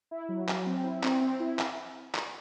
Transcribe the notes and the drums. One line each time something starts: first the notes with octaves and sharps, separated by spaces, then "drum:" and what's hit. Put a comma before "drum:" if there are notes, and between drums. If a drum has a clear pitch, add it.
E4
F#3
F#3, drum: clap
C4
E4
C4, drum: clap
C4
E4
drum: clap
drum: clap